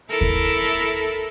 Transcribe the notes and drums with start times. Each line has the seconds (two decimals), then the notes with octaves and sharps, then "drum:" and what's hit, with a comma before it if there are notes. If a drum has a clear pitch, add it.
0.10 E4 A4 A#4
0.21 drum: kick D#2